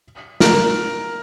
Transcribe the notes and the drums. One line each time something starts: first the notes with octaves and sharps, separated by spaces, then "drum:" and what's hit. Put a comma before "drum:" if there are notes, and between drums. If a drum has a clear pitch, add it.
A#4, drum: snare